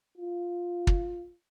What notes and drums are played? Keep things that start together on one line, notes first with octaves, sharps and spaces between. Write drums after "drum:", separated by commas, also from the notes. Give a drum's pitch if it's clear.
F4
drum: kick